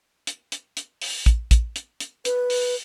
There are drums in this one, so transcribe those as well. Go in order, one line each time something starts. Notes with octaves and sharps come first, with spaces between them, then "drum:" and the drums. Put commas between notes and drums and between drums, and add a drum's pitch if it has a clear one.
drum: hi-hat
drum: hi-hat
drum: hi-hat
drum: open hi-hat
drum: kick, hi-hat
drum: kick, hi-hat
drum: hi-hat
drum: hi-hat
B4, drum: hi-hat
drum: open hi-hat